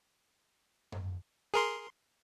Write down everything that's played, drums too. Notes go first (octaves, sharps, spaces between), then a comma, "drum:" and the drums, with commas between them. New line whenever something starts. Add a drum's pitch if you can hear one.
drum: tom F#2
G#4 A#4 C6